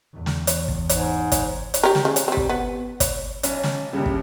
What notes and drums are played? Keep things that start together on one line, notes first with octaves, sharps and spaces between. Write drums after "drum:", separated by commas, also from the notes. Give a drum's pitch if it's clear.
E2
drum: snare
drum: hi-hat
drum: kick
G#2, drum: hi-hat
drum: kick, hi-hat
drum: hi-hat
G4 A#4
drum: snare
C#3
drum: hi-hat
G3 C4
drum: kick
B3
drum: kick, hi-hat
B1 C#4, drum: hi-hat
drum: snare
G1 D#2 C#3 G3
drum: kick